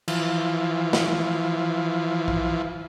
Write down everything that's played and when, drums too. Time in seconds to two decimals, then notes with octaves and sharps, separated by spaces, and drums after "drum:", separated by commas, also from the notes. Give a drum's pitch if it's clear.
0.08 E3 F3, drum: cymbal
0.93 drum: snare
2.28 drum: kick B1